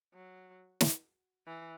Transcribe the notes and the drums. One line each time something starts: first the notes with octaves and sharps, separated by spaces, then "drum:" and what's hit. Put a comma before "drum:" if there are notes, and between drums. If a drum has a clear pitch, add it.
F#3
drum: snare
E3